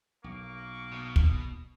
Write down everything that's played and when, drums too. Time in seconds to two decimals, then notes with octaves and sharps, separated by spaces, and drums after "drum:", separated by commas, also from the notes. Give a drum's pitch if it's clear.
0.24 B1 A#3 C#6 D6
0.92 B2
1.16 drum: kick